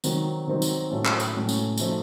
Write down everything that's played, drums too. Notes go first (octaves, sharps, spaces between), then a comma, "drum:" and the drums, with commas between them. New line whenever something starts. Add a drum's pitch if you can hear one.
D#3 F#3 C4 D#4, drum: tambourine
D#3 F#3 C4 D#4
drum: tambourine
A2 F#3 A3 C#4
drum: clap
drum: tambourine
A2 F#3 A3 C#4
drum: tambourine
F3 A3 D#4 F#4, drum: tambourine